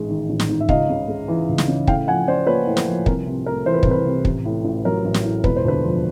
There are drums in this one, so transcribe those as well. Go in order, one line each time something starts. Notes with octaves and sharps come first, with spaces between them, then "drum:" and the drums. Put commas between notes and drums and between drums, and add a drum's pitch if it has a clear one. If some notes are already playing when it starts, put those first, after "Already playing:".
Already playing: A1 G#2 G#3
D#3
A1
drum: snare
G#2
E5
C#2 D#5 F5, drum: kick
C#3
G#3
E3
C#2
drum: snare
C#3
A2 F5 G5, drum: kick
F3 F#5 G#5
C#4 C5 D5
A#3 B4 C#5
A2
B4, drum: snare
F3
C2 A#4, drum: kick
C3
A3 A#4
E3 C5
B4
C2 A#4, drum: kick
B4
C3
A1, drum: kick
A2
A1
F#3 A#4
A1
drum: snare
A2
E1 B4, drum: kick
C5
D2 B4
F3